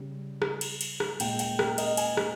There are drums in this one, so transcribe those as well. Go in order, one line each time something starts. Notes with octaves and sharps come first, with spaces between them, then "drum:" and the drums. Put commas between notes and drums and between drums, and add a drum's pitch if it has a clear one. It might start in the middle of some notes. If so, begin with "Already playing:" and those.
Already playing: C#3 G3
drum: rim click
drum: cymbal
drum: cymbal
drum: rim click
A#2 G#3 G5, drum: cymbal
G5, drum: cymbal
A#4, drum: rim click
D#5, drum: cymbal
G#5, drum: cymbal
drum: rim click